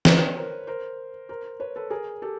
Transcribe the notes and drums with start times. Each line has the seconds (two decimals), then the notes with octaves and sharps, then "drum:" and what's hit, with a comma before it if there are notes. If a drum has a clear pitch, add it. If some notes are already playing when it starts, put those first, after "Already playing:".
0.05 B4 C#5, drum: snare
0.36 A#4 C5
0.67 A#4 C5
1.29 A#4 C5
1.60 B4 C#5
1.76 A4 B4
1.91 G#4 A#4
2.22 G4 A4